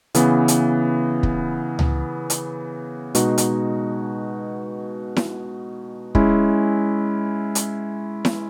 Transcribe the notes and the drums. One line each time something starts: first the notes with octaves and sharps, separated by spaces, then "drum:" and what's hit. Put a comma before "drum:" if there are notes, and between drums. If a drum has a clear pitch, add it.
C#3 E3 B3, drum: hi-hat
drum: hi-hat
drum: kick
drum: tom C#2
drum: hi-hat
B2 G#3 D#4 F#4, drum: hi-hat
drum: hi-hat
drum: snare E4
G#3 C#4 E4, drum: kick
drum: hi-hat
drum: snare E4